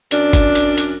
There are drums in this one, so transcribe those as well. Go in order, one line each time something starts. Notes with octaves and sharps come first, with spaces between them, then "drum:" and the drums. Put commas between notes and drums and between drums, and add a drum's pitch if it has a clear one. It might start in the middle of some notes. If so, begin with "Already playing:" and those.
F#2 D4, drum: hi-hat
drum: kick G1, hi-hat
drum: hi-hat
drum: hi-hat